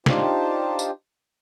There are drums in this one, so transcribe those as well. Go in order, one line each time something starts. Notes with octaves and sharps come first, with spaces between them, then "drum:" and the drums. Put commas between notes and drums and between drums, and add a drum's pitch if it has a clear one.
D4 D#4 F4 G4 C5 A5, drum: snare
drum: tambourine